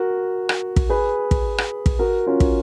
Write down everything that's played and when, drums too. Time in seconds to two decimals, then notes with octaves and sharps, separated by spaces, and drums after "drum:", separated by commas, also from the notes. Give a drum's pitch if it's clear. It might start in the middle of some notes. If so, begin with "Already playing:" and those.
Already playing: F#4 A#4
0.49 drum: rim click
0.76 drum: kick
0.89 G#4 B4
1.31 drum: kick
1.58 drum: rim click
1.86 drum: kick
1.99 F#4 A#4
2.27 C#4 F4
2.40 drum: kick